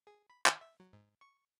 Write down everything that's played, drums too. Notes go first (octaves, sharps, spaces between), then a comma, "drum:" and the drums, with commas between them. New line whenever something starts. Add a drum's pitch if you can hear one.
G#4
B5
D#3, drum: clap
E5
F#3
G#2
C#6